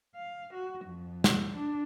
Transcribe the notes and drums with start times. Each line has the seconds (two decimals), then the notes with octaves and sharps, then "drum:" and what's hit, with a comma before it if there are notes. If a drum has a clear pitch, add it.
0.16 F5
0.54 F#4
0.86 F2
1.24 drum: snare
1.53 D4